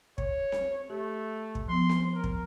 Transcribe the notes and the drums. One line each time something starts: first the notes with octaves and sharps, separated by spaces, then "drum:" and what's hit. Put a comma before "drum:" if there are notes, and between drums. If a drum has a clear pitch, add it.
C#5, drum: kick
drum: snare C4
A3 G4
drum: kick
F3 B3 C6
drum: snare C4
A#4
drum: kick